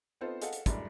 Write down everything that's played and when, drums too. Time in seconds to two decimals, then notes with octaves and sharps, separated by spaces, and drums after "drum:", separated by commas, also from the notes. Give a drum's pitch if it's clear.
0.21 B3 C4 D#4 F4 A4 C5
0.42 G#4 A4 D#5 F5 F#5, drum: hi-hat
0.53 drum: hi-hat
0.66 F#2 A2 G3 G#3 D4, drum: kick, hi-hat